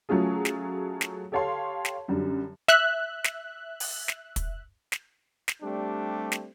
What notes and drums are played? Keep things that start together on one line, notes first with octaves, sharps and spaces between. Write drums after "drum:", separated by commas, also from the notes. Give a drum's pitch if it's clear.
F#3 A3 C#4 F4 G#4
drum: snare
drum: snare
G4 A4 C#5 F5 A5 C6
drum: snare
F#2 D3 F#3 G3
E5 F#6, drum: snare
drum: snare
drum: open hi-hat
drum: snare
drum: kick, hi-hat
drum: snare
drum: snare
G3 A3 C4 D4 G4
drum: snare